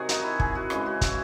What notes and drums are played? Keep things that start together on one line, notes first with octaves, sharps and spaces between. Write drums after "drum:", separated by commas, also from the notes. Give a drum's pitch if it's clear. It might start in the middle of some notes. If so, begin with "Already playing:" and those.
Already playing: C3 D#3 F#3 C4 F#4 G#4
D#4, drum: hi-hat
E4
G#4, drum: kick
F#4
C#3 E3 G#3 E4, drum: rim click
F#4
E4, drum: kick, hi-hat